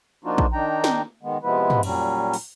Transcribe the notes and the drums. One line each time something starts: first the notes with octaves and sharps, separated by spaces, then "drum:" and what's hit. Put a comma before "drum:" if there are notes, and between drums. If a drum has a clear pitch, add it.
F3 A#3 D4 D#4 F4 F#4
drum: kick A#1
D#3 D4 D#4 G5 A#5
drum: snare
D#3 G#3 B3
C3 F3 G#3 B3 E4 B4
drum: tom
A#2 F#3 G3 C#4, drum: cymbal
drum: open hi-hat